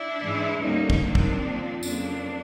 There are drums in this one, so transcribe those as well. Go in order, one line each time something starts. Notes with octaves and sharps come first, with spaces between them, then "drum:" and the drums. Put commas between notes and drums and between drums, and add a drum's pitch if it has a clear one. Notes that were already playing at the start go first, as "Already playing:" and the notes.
Already playing: D4 E4
G#2 E3 G#3
D2 D3 G3 A#3 C#4 D#4
drum: kick
G2 D#3 F#3 C4 D4
drum: kick
A#2 F3 A#3
F2 C#3 F#3 A#3 C4 D4, drum: tambourine